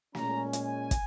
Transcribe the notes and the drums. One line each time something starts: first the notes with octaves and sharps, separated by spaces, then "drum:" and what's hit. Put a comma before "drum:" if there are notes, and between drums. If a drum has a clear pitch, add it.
A#2 G#3 C#4 A#5, drum: snare
G#5, drum: hi-hat
drum: kick, hi-hat